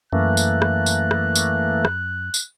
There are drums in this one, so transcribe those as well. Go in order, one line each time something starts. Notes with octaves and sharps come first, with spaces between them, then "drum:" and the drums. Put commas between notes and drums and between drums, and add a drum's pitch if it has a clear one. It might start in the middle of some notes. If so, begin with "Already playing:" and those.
F#2 E3 A3 A#3 F#6
drum: tambourine
drum: rim click
drum: tambourine
drum: rim click
drum: tambourine
drum: rim click
drum: tambourine